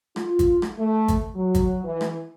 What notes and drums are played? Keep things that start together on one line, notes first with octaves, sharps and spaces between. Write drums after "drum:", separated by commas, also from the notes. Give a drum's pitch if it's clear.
F4, drum: rim click
drum: kick G#1, hi-hat
drum: rim click
A3
drum: kick G#1, hi-hat
F#3
drum: kick G#1, hi-hat
E3
drum: rim click